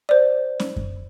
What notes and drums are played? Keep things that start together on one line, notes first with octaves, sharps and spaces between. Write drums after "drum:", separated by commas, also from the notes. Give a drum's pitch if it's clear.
C5 D5
drum: snare C#4
drum: kick F#2